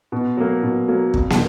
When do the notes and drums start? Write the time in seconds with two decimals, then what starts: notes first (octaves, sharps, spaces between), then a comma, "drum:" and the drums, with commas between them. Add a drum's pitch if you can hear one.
0.12 B2
0.37 F#3 A#3
0.63 B2
0.88 F#3 A#3
1.14 F2, drum: kick
1.30 drum: snare